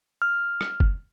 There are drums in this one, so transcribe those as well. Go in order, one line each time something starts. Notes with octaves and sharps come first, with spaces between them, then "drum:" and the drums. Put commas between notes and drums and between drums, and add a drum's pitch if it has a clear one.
F6
drum: rim click
drum: kick